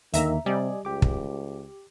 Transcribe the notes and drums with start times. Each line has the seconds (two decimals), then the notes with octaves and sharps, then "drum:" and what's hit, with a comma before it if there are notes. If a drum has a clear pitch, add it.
0.14 D#2 D3 D#3 A#3 E5 A#5, drum: hi-hat
0.46 C3 G3 D5 D#5 G#5
0.85 C#2 G4 D6
1.02 drum: kick